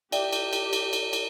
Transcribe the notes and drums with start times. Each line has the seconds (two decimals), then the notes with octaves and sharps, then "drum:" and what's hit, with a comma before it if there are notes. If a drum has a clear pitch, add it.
0.12 G4 D5 E5 G5, drum: cymbal
0.33 drum: cymbal
0.53 drum: cymbal
0.73 drum: cymbal
0.93 drum: cymbal
1.13 drum: cymbal